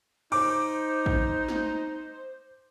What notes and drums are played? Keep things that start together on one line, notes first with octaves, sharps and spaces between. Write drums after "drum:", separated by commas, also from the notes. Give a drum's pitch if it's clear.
D#4 C5 D6, drum: cymbal
drum: kick
drum: snare